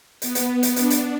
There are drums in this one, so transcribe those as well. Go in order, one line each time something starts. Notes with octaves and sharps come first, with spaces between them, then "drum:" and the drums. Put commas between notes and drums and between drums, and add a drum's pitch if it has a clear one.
B3, drum: hi-hat
drum: hi-hat
drum: hi-hat
D4, drum: hi-hat
drum: hi-hat